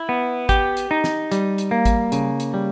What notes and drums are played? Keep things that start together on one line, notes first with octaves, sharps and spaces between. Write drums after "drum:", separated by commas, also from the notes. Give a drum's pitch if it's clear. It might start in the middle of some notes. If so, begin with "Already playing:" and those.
Already playing: E4
B3
G4, drum: kick, hi-hat
drum: hi-hat
D#4
drum: snare
G3, drum: hi-hat
drum: hi-hat
A#3
drum: kick, hi-hat
C#3, drum: hi-hat
drum: hi-hat
G3